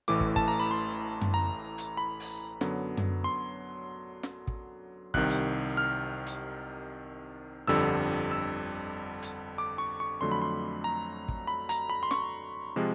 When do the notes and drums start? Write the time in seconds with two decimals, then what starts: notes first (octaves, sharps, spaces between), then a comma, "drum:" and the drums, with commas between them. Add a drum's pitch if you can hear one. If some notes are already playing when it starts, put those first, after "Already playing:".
0.08 A1 A2 E3 A3 D6
0.21 drum: kick
0.36 A5, drum: kick
0.48 A#5
0.60 B5
0.71 C6
1.21 drum: tom F#2
1.34 A#5
1.78 drum: hi-hat
1.97 B5
2.20 drum: open hi-hat
2.61 F#2 D3 F#3 B3, drum: snare
2.97 drum: tom F#2
3.24 C6
4.23 drum: snare
4.47 drum: kick
5.14 C2 C3 D#3 F#6, drum: kick
5.30 drum: hi-hat
5.77 F6
6.26 drum: hi-hat
7.68 G1 F2 D3 G3 E6
8.31 E6
9.22 drum: hi-hat
9.58 D6
9.78 C#6
10.00 C#6
10.21 F2 D3 F#3 A3 C6
10.32 B5
10.42 C6
10.84 A#5
11.28 drum: kick
11.47 B5
11.69 A#5, drum: hi-hat
11.90 B5
12.03 C6
12.11 C#6, drum: snare
12.76 C3 F3 G#3